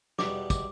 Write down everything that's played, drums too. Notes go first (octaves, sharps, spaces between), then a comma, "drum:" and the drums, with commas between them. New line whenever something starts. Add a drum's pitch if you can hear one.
E2 B2 G3 B3 D#4 D6, drum: snare
D6, drum: kick, tambourine